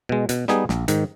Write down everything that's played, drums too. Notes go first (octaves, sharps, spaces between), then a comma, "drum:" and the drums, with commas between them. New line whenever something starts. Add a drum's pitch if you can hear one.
B2 G#3
B2, drum: hi-hat
G3 B3 D#4 G#4, drum: snare
A#1, drum: snare
G#2 D#3, drum: hi-hat